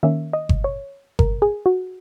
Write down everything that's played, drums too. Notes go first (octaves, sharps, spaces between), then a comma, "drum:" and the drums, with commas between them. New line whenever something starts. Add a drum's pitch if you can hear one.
D#3 A#3 C#4 E5
D#5
drum: kick G1
C#5
A#4, drum: kick G1
G#4
F#4